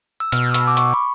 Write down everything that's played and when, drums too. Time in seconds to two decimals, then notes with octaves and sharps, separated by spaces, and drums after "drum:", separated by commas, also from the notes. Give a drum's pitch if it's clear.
0.20 E6
0.32 B2 F6, drum: hi-hat
0.54 E6, drum: hi-hat
0.67 D6
0.77 C#6, drum: hi-hat
0.94 B5